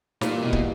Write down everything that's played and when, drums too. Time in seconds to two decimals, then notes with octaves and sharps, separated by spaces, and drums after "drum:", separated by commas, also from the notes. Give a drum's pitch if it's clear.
0.21 A#2 E3 G3 A#3 E4, drum: snare
0.42 B2
0.53 drum: kick